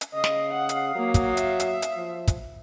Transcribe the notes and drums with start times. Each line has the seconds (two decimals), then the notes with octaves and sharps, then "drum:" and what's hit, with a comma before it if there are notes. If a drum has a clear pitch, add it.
0.01 drum: hi-hat
0.14 C#3 D#5 F5 D#6
0.24 drum: snare
0.53 F#5
0.69 drum: hi-hat
0.95 F#3 A#3
1.14 drum: kick, hi-hat
1.37 E5, drum: hi-hat
1.60 drum: hi-hat
1.82 drum: hi-hat
1.97 F3
2.28 drum: kick, hi-hat